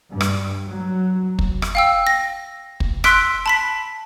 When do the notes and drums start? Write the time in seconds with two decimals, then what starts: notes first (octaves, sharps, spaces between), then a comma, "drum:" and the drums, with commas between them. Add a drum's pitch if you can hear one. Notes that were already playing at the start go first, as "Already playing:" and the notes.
0.11 G2
0.21 drum: rim click
0.66 F#3
1.39 drum: kick
1.62 drum: rim click
1.75 F5 G5 E6
2.07 A#6
2.80 drum: kick
3.04 C6 E6 F#6 B6 D7, drum: rim click
3.46 A5 B5 B6